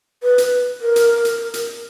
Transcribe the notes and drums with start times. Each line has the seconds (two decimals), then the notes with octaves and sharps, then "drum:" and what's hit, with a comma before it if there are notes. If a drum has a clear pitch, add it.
0.23 B4
0.38 drum: hi-hat
0.81 A#4
0.96 drum: hi-hat
1.25 drum: hi-hat
1.54 drum: hi-hat